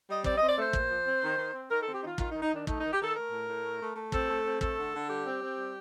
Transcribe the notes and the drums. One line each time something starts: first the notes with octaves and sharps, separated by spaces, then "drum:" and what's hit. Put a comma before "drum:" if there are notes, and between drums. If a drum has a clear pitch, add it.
G3 D#5
C4 D5, drum: kick
C4 D#5
D5
A3 C5
A#2, drum: kick
F3
C4
D#3
D#3
C4
D#3 A#4
C4 A4
G4
D#3 D#4 F4
D#3 F4, drum: kick
D#4
D#3
D#4
D#3 D4
A3 D#4, drum: kick
D#3 D#4
G4
D#3 A4
A3 A#4
A2
A2
A3
A3
A3
C4 A4, drum: kick
A3
C4
A3 A4, drum: kick
D3
D3
G3 G4
C4
C4
G3